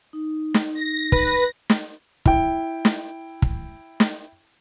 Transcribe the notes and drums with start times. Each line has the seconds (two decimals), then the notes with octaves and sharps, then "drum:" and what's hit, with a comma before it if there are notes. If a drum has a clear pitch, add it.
0.13 D#4
0.54 drum: snare
0.74 A#6
1.12 B4, drum: kick
1.70 drum: snare
2.26 E4 G5, drum: kick
2.85 drum: snare
3.42 drum: kick
4.00 drum: snare